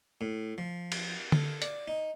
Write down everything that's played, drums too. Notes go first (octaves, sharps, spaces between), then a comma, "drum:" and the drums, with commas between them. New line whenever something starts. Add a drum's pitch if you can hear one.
A2
F3
drum: cymbal
A4, drum: tom D3
D5, drum: hi-hat
D#4